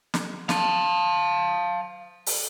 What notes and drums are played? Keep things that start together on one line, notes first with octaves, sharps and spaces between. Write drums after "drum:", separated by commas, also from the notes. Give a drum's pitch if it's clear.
drum: snare
F5 A5, drum: snare
drum: open hi-hat